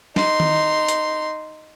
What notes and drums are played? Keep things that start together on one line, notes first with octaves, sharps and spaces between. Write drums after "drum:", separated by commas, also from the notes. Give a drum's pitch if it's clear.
D#4 C6, drum: snare
drum: tom D#3
drum: hi-hat